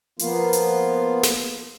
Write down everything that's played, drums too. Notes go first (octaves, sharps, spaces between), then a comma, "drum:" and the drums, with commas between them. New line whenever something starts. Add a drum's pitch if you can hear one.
F3 A#3 B3 F4, drum: hi-hat
drum: hi-hat
drum: snare